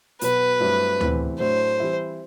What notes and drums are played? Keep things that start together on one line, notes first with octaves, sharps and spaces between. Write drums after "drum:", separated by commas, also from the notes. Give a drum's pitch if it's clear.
B2 F#3 B3 B4, drum: hi-hat
G2 F#3 A3 C4 E4
E2 C3 E3 A3 C4, drum: tom D2
A2 F#3 A3 D4 C5
E3 G3 C4 E4